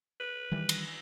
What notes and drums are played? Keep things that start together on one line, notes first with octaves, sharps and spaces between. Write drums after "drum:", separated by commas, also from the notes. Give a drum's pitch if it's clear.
B4
D#3 E3 G3
drum: cymbal